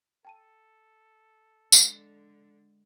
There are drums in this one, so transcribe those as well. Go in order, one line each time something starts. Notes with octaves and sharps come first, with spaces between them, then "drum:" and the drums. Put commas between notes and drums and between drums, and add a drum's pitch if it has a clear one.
A4 G5 A5 D#7
D3 G#3, drum: tambourine